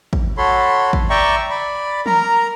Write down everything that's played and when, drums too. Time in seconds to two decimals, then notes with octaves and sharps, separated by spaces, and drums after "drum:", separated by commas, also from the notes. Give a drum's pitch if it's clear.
0.13 drum: kick
0.38 F#4 A4 C#5 B5 C6
0.93 drum: kick
1.10 D5 E5 G5 A#5 C#6
1.50 D5 B5
2.06 A#4 A#5, drum: tom